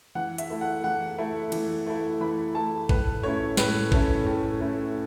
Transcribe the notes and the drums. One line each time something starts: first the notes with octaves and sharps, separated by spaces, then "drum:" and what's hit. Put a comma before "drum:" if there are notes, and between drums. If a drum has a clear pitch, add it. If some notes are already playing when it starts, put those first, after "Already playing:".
E3 F#5
E5, drum: hi-hat
A3 E4
F#5
E3 F#5
A3 E4
E3, drum: cymbal
A3 E4
E3 B5
A3 E4 A5
A2 B4, drum: kick
A3 C#4 E4 C#5
A2 B4, drum: snare
A3 C#4 E4, drum: kick
A2
A3 C#4 E4